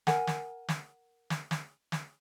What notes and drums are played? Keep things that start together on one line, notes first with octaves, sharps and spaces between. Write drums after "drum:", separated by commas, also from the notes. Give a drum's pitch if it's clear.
A#4 F#5 G#5, drum: snare
drum: snare
drum: snare
drum: snare
drum: snare
drum: snare